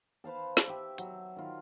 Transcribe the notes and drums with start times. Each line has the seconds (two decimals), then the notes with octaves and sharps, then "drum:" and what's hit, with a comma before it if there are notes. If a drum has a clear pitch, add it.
0.24 B4 C5 F5 A5
0.57 drum: snare
0.67 G4 E5
0.98 F#3, drum: hi-hat
1.36 D#3 F4